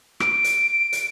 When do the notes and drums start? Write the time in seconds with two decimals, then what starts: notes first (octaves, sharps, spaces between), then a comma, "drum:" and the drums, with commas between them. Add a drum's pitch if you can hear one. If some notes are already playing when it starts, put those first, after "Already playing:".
0.20 D7, drum: rim click
0.44 drum: hi-hat
0.93 drum: hi-hat